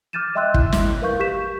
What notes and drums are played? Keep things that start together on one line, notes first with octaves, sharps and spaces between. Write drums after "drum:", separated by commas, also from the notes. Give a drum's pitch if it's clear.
D6 F6 G6 A6 D#7 E7
D#5 E5 G5 C6 E6 F#6
E4, drum: kick
drum: snare
A#4 B4 F5 C#6 G6
G4 C#6 G6 B6 E7